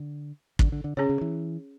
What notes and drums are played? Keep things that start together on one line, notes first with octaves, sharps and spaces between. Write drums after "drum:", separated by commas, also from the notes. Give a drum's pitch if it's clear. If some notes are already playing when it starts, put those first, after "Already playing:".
Already playing: D3
D3, drum: kick
D3
D3
C#3 C#4 G#4 C#5
C#3
E3